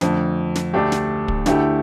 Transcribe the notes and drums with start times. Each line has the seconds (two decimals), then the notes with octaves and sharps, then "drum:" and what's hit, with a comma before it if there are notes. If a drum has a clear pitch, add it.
0.01 F2 D3 A3, drum: snare
0.55 drum: snare
0.73 D2 D3 A3 D4 G4
0.92 drum: snare
1.28 drum: kick
1.46 D2 D3 A3 E4 G4, drum: snare